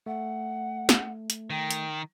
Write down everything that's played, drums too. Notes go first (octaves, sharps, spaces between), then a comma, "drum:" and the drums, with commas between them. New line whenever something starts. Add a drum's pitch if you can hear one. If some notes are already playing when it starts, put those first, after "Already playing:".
A3 F#5
drum: snare
drum: hi-hat
D#3 G5
drum: hi-hat